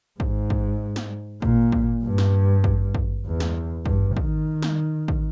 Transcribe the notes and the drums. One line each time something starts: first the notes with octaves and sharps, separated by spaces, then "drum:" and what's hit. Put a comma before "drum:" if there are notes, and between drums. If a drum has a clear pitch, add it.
G#2, drum: kick
drum: kick
drum: snare
A#2, drum: kick
drum: kick
G2
drum: snare
drum: kick
drum: kick
E2
drum: snare
G2, drum: kick
D#3, drum: kick
drum: snare
drum: kick